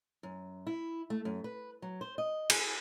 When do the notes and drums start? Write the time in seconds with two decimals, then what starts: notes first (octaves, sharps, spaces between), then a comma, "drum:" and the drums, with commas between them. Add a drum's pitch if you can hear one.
0.23 F#2
0.67 E4
1.10 A3
1.25 F#2
1.44 B4
1.82 F#3
2.01 C5
2.18 D#5
2.50 G#4, drum: cymbal